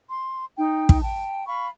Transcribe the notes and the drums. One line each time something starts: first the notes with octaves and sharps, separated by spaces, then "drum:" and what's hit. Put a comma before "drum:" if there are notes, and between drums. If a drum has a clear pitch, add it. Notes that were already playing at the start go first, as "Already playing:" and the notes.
C6
D#4 G5
drum: kick
G5 A5
F5 B5 C#6